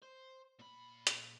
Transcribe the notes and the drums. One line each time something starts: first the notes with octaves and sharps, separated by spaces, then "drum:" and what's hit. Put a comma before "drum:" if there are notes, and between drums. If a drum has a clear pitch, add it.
C5
A#2 B5
drum: hi-hat